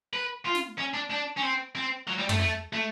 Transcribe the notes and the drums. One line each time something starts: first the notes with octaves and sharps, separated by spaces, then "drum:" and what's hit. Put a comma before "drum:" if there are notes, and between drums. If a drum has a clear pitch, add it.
B4
F4
drum: snare
C#4
D4
D4
C#4
C4
C4
F#3
G3
A3, drum: tom
A3
A3